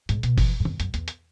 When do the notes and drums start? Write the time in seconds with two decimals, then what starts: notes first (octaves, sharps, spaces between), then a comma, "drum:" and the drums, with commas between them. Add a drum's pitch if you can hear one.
0.09 G#2, drum: hi-hat
0.23 B2, drum: hi-hat
0.38 E3, drum: kick F#1, open hi-hat
0.60 G#2
0.65 F#2, drum: tom D#3
0.80 F#2, drum: hi-hat
0.94 E2, drum: hi-hat
1.08 drum: hi-hat